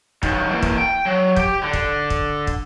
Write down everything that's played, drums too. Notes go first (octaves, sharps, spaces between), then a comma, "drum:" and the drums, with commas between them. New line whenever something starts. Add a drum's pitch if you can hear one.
D#3 F#3, drum: kick
E3 A#3
drum: kick
G5
F#3
G4, drum: kick
D3
drum: kick
drum: kick
drum: kick